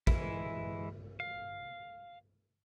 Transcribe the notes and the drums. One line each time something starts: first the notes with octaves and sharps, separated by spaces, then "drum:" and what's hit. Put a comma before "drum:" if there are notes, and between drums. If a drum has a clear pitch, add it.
E3 G#3 E4, drum: kick
F5